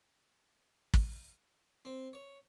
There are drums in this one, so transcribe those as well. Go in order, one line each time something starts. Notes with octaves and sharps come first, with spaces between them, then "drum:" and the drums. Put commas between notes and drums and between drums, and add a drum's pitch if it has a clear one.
drum: kick
C4
C#5